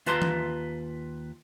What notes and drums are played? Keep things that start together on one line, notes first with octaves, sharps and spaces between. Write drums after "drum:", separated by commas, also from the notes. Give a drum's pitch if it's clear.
D#2 F4 B4 A5 A#5 C6, drum: hi-hat
drum: tom E3